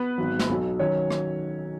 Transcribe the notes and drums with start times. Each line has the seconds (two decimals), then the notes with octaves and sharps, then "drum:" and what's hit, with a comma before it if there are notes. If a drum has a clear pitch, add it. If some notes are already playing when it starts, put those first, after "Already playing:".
Already playing: B3 B4
0.18 G#1 G#2 F#3
0.39 drum: snare
0.49 B1 B2 F#3
0.79 D#3 F#3 C#4 C#5
1.11 drum: rim click